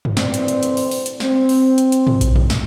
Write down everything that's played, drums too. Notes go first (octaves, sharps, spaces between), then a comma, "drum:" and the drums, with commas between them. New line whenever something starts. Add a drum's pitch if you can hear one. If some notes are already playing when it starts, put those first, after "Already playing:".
drum: tom
D2 E3 C4 C5 D5, drum: snare
drum: hi-hat
drum: hi-hat
drum: hi-hat
drum: open hi-hat
drum: open hi-hat
drum: hi-hat
C4, drum: snare
drum: open hi-hat
drum: hi-hat
drum: hi-hat
drum: tom
drum: kick A#1, hi-hat
drum: tom
drum: snare